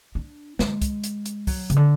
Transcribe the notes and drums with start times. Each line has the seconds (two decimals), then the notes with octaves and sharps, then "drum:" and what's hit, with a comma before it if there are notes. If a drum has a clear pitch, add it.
0.15 D4
0.59 G#3, drum: snare
0.82 drum: kick, hi-hat
1.04 drum: hi-hat
1.26 drum: hi-hat
1.47 F#3, drum: kick, open hi-hat
1.70 C#3, drum: hi-hat
1.76 D3